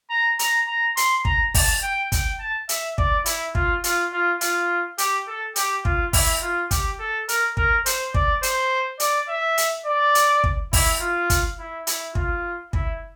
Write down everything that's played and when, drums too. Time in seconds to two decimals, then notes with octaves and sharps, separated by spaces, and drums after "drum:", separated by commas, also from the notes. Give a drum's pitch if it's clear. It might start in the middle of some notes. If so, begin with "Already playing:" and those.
0.10 A#5
0.39 A#5, drum: hi-hat
0.68 A#5
0.97 C6, drum: hi-hat
1.25 A#5, drum: kick
1.55 A5, drum: kick, open hi-hat
1.83 G5
2.12 G5, drum: kick, hi-hat
2.40 A5
2.69 E5, drum: hi-hat
2.98 D5, drum: kick
3.26 E4, drum: hi-hat
3.55 F4, drum: kick
3.84 F4, drum: hi-hat
4.12 F4
4.41 F4, drum: hi-hat
4.98 G4, drum: hi-hat
5.28 A4
5.56 G4, drum: hi-hat
5.85 F4, drum: kick
6.13 E4, drum: kick, open hi-hat
6.42 F4
6.71 G4, drum: kick, hi-hat
7.00 A4
7.29 A#4, drum: hi-hat
7.57 A#4, drum: kick
7.86 C5, drum: hi-hat
8.14 D5, drum: kick
8.43 C5, drum: hi-hat
9.00 D5, drum: hi-hat
9.28 E5
9.58 drum: hi-hat
9.86 D5
10.15 drum: hi-hat
10.44 drum: kick
10.73 E4, drum: kick, open hi-hat
11.01 F4
11.30 drum: kick, hi-hat
11.59 E4
11.87 E4, drum: hi-hat
12.15 F4, drum: kick
12.73 E4, drum: kick